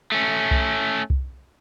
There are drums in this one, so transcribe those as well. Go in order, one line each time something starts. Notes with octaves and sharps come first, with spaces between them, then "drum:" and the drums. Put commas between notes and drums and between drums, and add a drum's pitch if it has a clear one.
A3 C#4
drum: kick C2
drum: kick C2